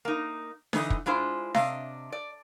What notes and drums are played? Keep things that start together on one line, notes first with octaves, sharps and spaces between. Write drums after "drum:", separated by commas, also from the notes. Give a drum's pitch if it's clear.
A#3 D#4
D3 E3 D#4 B4 D#5, drum: snare D4
drum: kick
G#3 D4 E4 F4 C5
C3 D4 D#5 F5, drum: snare D4
D5